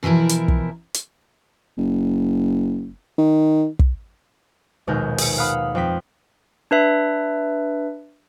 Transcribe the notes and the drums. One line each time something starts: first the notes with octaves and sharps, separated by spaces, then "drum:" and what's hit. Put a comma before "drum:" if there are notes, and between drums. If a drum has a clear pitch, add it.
B2 E3 F3 E4 A#4
drum: hi-hat
drum: kick
drum: hi-hat
F#1
D#3
drum: kick
A#1 D#2 B2 G#3 A#4 G6
G#4 C#7, drum: open hi-hat
F5 F#5 B5 D#6 F6
F2 G5 B6
D4 B4 E5